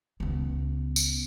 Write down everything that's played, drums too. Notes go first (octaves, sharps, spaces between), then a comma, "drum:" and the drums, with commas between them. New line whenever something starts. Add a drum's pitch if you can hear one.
C#2 B3
drum: tambourine